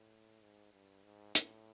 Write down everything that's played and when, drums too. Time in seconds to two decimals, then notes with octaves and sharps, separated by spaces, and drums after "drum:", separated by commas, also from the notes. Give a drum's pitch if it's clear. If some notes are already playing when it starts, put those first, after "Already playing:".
Already playing: A2
0.42 G#2
0.73 G2
1.04 G#2
1.35 A2, drum: hi-hat